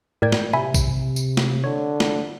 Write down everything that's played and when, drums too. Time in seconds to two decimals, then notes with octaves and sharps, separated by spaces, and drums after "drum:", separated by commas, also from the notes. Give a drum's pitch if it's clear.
0.22 A2 A#4 D5 G5 G#6
0.32 drum: snare
0.53 C3 E5 G#5 B5
0.74 drum: kick, tambourine
1.16 drum: tambourine
1.37 drum: snare
1.64 D3 C#5
2.00 drum: snare